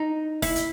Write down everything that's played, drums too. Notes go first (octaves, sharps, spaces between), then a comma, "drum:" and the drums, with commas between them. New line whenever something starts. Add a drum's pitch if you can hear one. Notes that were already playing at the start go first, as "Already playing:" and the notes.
Already playing: D#4
E4, drum: kick, open hi-hat
drum: hi-hat